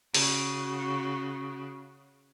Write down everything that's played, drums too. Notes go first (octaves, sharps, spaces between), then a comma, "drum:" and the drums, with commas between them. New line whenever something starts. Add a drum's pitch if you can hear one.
C#3 F#4, drum: open hi-hat